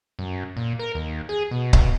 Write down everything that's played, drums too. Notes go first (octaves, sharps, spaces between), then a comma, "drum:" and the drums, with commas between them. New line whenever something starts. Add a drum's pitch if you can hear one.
F#2
A#2
A#4
D#2
G#4
B2
B2, drum: kick C#1